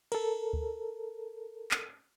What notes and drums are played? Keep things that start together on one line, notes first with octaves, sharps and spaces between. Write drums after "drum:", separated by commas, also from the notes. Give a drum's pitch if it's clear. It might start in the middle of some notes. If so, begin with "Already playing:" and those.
A4 A#4, drum: cymbal
drum: kick D2
drum: clap